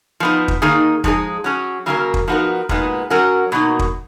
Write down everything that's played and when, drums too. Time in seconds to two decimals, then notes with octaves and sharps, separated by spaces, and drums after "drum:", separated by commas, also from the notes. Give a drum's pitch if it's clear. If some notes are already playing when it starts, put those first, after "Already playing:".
0.20 F3 B3 D#4
0.48 drum: kick
0.62 D#3 A#3 D#4 G#4
1.04 F3 G#3 D#4 G#4, drum: kick
1.44 F#3 C#4 G#4
1.86 C#3 F#3 A#3 F4 A#4
2.14 drum: kick
2.28 F3 B3 D#4 F#4 A#4
2.69 A#2 G#3 B3 D#4, drum: kick
3.10 F#3 C#4 F#4 A#4
3.52 B2 F#3 A#3 D#4
3.79 drum: kick